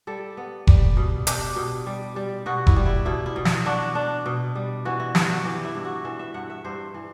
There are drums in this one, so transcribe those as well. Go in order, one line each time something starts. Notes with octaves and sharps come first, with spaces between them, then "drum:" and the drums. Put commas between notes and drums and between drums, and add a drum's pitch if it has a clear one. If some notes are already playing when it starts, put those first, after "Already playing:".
G3 A4
B3
G3, drum: kick F1
B2
D4 G4, drum: hi-hat
B2
G3
G3
B2 F#4
E4, drum: kick F1
G3
E4
B2 E4
E4
B2
E4, drum: snare
D4 F#4
D4
B2
G3
E3 F#4
E4
G2 E4, drum: snare
F#4
E3 G4
E4
G2
F#4
E3 E5
E5
G2 F#5
E5
G2 C5
E3